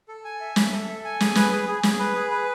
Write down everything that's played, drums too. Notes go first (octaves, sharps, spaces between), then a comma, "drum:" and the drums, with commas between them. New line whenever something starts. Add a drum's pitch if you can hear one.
A4
G#5
E5
E5, drum: snare
A4
A4
G#5
G#4, drum: snare
B4, drum: snare
G#4
G#4
G#4, drum: snare
B4
G#4
B4